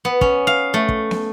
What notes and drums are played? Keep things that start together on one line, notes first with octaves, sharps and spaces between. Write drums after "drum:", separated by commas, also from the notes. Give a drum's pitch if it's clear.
B3
C#4, drum: kick
F5
A3
drum: kick
drum: snare